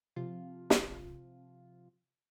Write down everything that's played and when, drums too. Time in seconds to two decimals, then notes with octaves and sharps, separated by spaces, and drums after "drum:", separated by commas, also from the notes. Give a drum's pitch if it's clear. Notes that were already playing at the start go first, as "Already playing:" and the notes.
0.16 C3 F3 F4
0.70 drum: snare